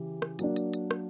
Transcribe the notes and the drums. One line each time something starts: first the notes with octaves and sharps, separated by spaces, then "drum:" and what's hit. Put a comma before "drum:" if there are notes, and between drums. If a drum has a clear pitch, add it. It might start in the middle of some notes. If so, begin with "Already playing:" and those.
Already playing: C#3 E3 G4
drum: rim click
F#3 A#3 D4, drum: hi-hat
drum: hi-hat
drum: hi-hat
drum: rim click